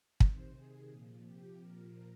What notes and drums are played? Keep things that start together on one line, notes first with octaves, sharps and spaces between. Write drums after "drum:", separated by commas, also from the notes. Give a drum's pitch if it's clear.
C3 D#3 C5, drum: kick
C3 D#3 G#4
A#2 F3
C3 F3 G4
A#2 F3 A#4